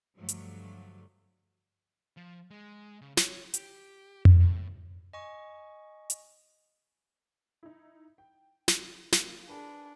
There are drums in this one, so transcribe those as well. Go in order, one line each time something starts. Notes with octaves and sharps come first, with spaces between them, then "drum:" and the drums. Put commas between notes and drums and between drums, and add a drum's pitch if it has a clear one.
G2 D3 F3 F#3 A3
drum: hi-hat
F3
G#3
C#3
C#5, drum: snare
G4, drum: hi-hat
F#2, drum: tom F2
A2
D#5 G#5 C#6
drum: hi-hat
D#4 E4
G5
drum: snare
A#3 F4 G4, drum: snare
D4 G#4 A#4 B4